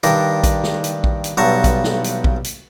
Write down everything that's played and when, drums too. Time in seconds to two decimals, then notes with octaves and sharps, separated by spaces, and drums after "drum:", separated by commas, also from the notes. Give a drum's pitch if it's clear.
0.03 G2 D#3 D4 A#4, drum: hi-hat
0.44 drum: kick A#1, hi-hat
0.64 drum: snare
0.84 drum: hi-hat
1.04 drum: kick A#1
1.24 drum: hi-hat
1.37 B1 G2 F#5 A5 A#5 C#6
1.64 drum: kick A#1, hi-hat
1.84 drum: snare
2.04 drum: hi-hat
2.24 drum: kick A#1
2.44 drum: hi-hat